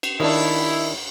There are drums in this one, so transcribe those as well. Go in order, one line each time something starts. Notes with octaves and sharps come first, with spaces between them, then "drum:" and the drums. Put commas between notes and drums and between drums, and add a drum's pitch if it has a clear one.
drum: cymbal
D#3 D4 E4, drum: cymbal